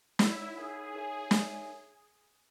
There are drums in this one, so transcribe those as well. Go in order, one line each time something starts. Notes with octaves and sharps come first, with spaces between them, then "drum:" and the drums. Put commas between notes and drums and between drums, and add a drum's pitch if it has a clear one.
D#4 E4 A#4 C#5 E5 F#5, drum: snare
D#4 G#4 A#4 C#5 F#5
D#4 A#4 C#5 E5 G#5
D#4 A#4 C#5 E5 G#5, drum: snare